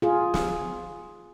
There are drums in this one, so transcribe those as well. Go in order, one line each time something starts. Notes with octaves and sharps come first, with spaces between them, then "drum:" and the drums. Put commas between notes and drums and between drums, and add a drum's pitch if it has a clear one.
F4 G#4
drum: snare